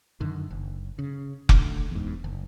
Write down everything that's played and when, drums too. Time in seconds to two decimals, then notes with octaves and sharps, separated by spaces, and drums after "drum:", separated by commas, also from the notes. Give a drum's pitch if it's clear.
0.20 F#2 D3 D#3
0.51 F#1
0.99 C#3
1.49 D2 D3, drum: kick F1
1.91 E2 G#2
2.24 F#1